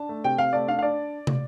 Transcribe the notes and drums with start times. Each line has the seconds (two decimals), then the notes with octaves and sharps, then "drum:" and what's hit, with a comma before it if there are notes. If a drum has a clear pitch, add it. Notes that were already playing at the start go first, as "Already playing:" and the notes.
Already playing: D4 A5
0.09 A3
0.24 C3 G5
0.38 C3 F5
0.53 A3 D5
0.67 D4 F5
0.79 F5
0.82 D4 D5
1.27 drum: tom